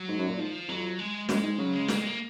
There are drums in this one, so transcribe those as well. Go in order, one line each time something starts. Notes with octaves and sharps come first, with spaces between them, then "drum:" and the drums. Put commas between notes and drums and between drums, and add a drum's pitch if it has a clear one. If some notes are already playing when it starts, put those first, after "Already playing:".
Already playing: F#3
G#2
F#2
A#2
G#2 F3
F2 F#3
G#3
F#2 G#3, drum: snare
G#2
C#3 F#3
G#3
A#3, drum: snare
G#3
A#3